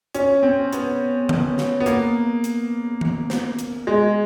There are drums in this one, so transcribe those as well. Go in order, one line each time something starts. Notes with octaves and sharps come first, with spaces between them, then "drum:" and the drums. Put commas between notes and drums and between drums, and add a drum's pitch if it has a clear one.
C#4, drum: hi-hat
C4
B3, drum: hi-hat
drum: tom D3
drum: snare
B3
A#3, drum: hi-hat
drum: hi-hat
drum: tom D#3
drum: snare
drum: hi-hat
G#3